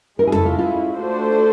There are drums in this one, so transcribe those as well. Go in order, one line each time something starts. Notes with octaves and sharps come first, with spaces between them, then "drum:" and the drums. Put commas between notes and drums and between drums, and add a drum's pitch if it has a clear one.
G#3 C#4 E4 A#4
G#4
A4, drum: tom F2
F4
F4
A3 D4 F#4 A4 C5